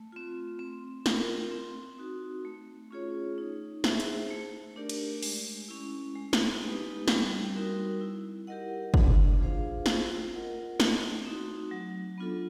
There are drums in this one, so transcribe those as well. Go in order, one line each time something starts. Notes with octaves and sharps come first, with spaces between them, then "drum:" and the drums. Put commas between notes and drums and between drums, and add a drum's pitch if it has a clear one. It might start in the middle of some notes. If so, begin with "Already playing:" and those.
Already playing: A3
C4 F4
C4
F4 A#4, drum: snare
C4
D#4 F#4
A3
C#4 F4 G#4 C#5
D#4
G#4 C5 E5, drum: snare
drum: hi-hat
A3
D4 G4 A#4 D5
drum: cymbal
G#3, drum: open hi-hat
C#4 E4
G#3
drum: snare
B3 D#4 G4 B4
G3, drum: snare
C4 D#4 F#4 A#4
E4
G4 A#4 D#5 F#5
D4, drum: kick
F4 G#4 C5 F5
F4, drum: snare
A#4 D#5 F#5
A3, drum: snare
C4 D#4 F#4
F#3
B3 D4 F4 A4